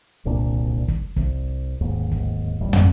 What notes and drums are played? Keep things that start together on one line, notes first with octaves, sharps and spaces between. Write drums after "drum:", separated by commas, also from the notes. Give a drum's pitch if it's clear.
D1 C2 A#2 D4
drum: kick
C2, drum: kick
D1 D#2 G#2
drum: kick
D#1 A#1 A2 G3
drum: tom